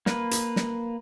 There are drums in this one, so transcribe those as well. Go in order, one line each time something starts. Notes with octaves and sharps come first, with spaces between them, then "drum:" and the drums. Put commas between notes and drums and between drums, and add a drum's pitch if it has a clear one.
A#3 B4, drum: snare
drum: hi-hat
drum: snare